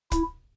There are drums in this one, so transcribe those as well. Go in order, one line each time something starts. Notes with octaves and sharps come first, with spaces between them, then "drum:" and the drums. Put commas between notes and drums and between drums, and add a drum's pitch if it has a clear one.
E4, drum: kick, hi-hat